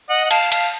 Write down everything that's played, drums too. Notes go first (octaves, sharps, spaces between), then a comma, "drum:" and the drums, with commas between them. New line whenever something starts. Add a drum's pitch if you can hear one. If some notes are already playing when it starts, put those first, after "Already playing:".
D#5 F#5
F#5
F5 A5, drum: cymbal
F5 A5, drum: cymbal